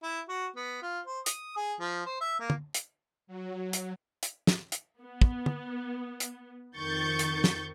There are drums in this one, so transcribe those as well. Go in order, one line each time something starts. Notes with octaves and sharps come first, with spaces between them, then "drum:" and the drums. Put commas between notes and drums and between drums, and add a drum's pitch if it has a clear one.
E4
F#4
B3
F4
C5
D#6, drum: hi-hat
G#4
F3
C5
E5
A#3
drum: tom
drum: hi-hat
F#3
drum: hi-hat
drum: hi-hat
drum: snare
drum: hi-hat
B3
drum: kick
drum: tom
drum: hi-hat
F2 D#3 C#6 G6 A6
drum: hi-hat
drum: snare